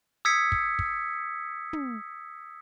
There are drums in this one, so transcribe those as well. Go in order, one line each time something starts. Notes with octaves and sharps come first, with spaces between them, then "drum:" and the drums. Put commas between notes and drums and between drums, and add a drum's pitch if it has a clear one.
D#6 E6 G#6 B6 C#7
drum: kick
drum: kick
drum: tom